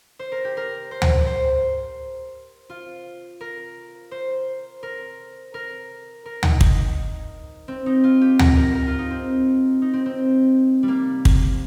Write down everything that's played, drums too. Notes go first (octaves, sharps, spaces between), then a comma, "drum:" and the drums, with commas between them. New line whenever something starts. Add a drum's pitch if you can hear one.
C5
A#4
G4
A#4
C5
drum: tom D2
C5
F4
A#4
C5
A#4
A#4
A#4
D#4, drum: tom D2
D#4, drum: kick
C4
D#4
F4
G4
A#4, drum: tom D2
A#4
A#4
F4
D#4
C4
D#4
C4
C4
G3
A#3
drum: kick